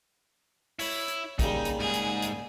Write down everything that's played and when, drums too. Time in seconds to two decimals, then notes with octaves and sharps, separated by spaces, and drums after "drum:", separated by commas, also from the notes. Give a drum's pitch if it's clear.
0.79 E4 C#5 B5, drum: open hi-hat
1.08 drum: hi-hat
1.39 D#2 C#3 G3 D#4, drum: kick, hi-hat
1.65 drum: hi-hat
1.80 G#2 G#4
1.94 drum: hi-hat
2.22 drum: hi-hat